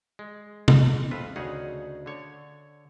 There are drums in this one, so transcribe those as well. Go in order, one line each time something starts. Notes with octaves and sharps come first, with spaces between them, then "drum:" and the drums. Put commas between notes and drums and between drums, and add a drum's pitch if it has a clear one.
G#3
drum: tom C3
F2 F4 B4 E5
D2 C#3 D#4 G#4 C#5 F#5
D3 C#5